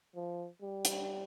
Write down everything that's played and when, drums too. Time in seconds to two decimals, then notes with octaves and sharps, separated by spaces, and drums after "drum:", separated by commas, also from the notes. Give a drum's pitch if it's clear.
0.15 F3
0.61 G3
0.85 drum: hi-hat